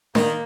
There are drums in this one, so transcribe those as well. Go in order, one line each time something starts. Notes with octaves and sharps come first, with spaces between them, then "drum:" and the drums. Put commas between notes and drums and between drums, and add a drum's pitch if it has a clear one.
D#3 A#3, drum: snare D4